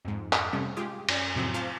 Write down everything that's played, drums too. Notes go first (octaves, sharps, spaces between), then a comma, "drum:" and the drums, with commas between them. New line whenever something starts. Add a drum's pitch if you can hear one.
F2 G#2
drum: clap
C3 G3 A3 C#4
G#3 F4 G4 G#4
F#2 C#4 D5, drum: cymbal
F2 A2 C3 F3 F#3 C4
F4 C5 F5 A5 D6 F6